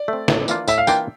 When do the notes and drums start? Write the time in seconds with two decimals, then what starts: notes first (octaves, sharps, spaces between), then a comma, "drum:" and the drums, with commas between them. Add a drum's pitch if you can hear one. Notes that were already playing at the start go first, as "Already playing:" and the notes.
Already playing: D5
0.08 A3 C4
0.28 A2, drum: snare
0.48 E3 A#3 D4 F4, drum: tambourine
0.68 A2 E5, drum: tambourine
0.78 F5
0.87 E3 A#3 D4 F4 G5, drum: tambourine